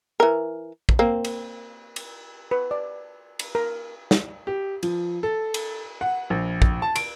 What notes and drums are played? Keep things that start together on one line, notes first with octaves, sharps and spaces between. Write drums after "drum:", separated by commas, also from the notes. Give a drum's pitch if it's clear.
E3 A#4
drum: kick
A#3 C4
drum: cymbal
drum: cymbal
B4
D5
drum: cymbal
A#4
drum: snare
G4
F3, drum: cymbal
A4
drum: cymbal
F#5
A#1
drum: kick
A5
D7, drum: cymbal